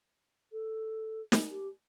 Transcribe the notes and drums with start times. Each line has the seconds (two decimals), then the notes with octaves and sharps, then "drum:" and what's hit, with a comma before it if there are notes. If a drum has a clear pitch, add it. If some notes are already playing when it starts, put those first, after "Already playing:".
0.52 A4
1.32 drum: snare
1.50 G4